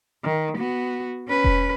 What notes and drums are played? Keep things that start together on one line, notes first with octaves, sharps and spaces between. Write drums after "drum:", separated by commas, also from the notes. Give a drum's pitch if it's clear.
D#3
B3 F#4
C#4 B4
drum: kick E1